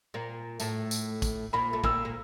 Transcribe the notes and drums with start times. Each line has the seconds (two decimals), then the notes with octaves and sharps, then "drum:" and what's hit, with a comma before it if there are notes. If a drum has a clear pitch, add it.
0.14 A#2 A#3
0.60 A2 A3, drum: tambourine
0.91 drum: tambourine
1.22 drum: kick, tambourine
1.53 A#2 A#3 B5
1.73 A3
1.84 A#2 A#3 E6, drum: kick
2.05 A#3